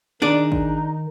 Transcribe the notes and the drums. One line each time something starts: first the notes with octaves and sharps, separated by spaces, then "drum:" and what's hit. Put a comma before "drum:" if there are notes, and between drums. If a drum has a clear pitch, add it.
D#3 D4 D#4 G#4 D5
drum: kick A1